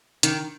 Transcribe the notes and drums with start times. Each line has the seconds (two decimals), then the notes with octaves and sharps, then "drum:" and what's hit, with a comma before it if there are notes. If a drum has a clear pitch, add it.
0.23 D#3, drum: hi-hat